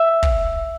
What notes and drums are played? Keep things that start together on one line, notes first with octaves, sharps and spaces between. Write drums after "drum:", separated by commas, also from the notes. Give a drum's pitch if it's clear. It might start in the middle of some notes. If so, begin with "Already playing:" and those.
Already playing: E5 E6
drum: kick